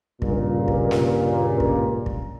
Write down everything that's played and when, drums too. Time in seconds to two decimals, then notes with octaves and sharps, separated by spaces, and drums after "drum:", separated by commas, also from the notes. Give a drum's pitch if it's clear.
0.22 C#2 G2 A#2, drum: kick
0.68 drum: kick
0.91 drum: snare
1.60 drum: kick
2.06 drum: kick